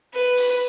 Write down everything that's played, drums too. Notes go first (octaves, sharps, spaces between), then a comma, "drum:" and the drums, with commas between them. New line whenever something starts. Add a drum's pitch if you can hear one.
B4
drum: open hi-hat